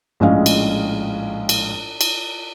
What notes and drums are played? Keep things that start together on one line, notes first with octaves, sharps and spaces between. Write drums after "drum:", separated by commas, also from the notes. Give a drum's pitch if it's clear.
A#1 A2 G#3 C#4 D#5 F5
drum: cymbal
drum: cymbal
drum: cymbal